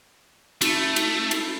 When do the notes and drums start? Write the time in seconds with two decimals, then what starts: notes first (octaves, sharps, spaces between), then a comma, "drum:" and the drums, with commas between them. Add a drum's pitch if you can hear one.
0.61 A3, drum: cymbal
0.96 drum: cymbal
1.31 drum: cymbal